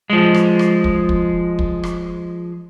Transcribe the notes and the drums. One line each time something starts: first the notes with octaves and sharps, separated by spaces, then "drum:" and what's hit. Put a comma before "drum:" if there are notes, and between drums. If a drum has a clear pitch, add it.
F3 G#3
drum: rim click
drum: rim click
drum: kick
drum: kick
drum: kick
drum: rim click